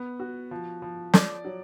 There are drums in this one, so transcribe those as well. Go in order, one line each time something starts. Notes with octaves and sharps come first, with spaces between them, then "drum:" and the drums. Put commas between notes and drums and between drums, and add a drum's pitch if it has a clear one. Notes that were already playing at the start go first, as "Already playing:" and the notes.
Already playing: B3
F#4
F3
F3
D5, drum: snare
F#3